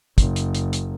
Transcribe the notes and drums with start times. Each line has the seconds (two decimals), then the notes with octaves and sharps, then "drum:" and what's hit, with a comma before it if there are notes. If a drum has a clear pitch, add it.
0.18 F#1, drum: kick, hi-hat
0.36 drum: hi-hat
0.55 drum: hi-hat
0.73 drum: hi-hat